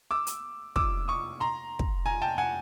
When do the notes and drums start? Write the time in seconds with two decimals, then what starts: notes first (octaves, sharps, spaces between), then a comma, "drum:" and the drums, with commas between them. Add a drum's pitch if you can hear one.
0.11 D6 E6
0.27 drum: hi-hat
0.76 D6 E6, drum: kick
1.08 C#6 D#6
1.40 A#5 C6
1.79 drum: kick
2.06 G#5 A#5
2.22 G5 A5
2.38 F#5 G#5